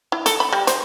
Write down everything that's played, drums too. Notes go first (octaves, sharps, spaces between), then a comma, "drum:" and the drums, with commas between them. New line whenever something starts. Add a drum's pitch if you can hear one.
E4
A4, drum: hi-hat
B5
G3
C5, drum: hi-hat